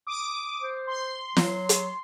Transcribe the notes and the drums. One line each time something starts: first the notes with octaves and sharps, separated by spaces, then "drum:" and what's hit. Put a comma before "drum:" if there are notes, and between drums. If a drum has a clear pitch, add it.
D6 D#6
C5
C6
F#3, drum: snare
drum: hi-hat